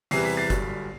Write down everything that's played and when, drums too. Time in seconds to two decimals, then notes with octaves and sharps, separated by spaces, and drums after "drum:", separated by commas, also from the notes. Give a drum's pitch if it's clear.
0.11 E2 C3 E3 G3 C7, drum: open hi-hat
0.25 B6
0.37 A6 C7
0.50 G1 G2 F#3, drum: kick F#1, hi-hat